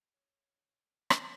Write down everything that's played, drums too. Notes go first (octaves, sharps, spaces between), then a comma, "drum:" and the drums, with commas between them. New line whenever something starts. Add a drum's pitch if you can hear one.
C#5
drum: rim click